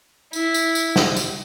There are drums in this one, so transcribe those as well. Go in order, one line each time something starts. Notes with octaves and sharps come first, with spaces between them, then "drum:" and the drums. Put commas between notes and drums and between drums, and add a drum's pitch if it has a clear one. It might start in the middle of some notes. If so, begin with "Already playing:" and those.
E4, drum: tambourine
drum: tambourine
drum: tambourine
drum: snare
drum: tambourine